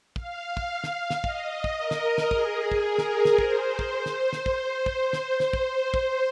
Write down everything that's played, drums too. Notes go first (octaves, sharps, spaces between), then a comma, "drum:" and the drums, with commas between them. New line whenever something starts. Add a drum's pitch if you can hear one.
F5, drum: kick
drum: kick
F5
drum: snare
drum: snare
D#5, drum: kick
drum: kick
A#4
drum: snare
drum: snare
G#4, drum: kick
drum: kick
A#4
drum: snare
drum: snare
C5, drum: kick
drum: kick
C5
drum: snare
drum: snare
C5, drum: kick
drum: kick
drum: snare
drum: snare
drum: kick
drum: kick